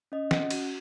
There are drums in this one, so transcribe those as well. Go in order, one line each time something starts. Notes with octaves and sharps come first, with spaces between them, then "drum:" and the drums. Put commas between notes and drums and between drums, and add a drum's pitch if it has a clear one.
C#4 D#5
C#4 F#5, drum: snare
F#4, drum: cymbal